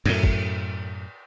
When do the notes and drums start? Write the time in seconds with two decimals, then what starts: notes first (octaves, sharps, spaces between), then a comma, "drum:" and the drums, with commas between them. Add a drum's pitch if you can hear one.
0.06 F#2 A2, drum: cymbal
0.23 drum: kick